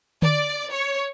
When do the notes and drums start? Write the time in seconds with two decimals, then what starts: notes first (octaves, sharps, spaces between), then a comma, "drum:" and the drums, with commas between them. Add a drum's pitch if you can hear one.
0.22 D5, drum: tom D3
0.72 C#5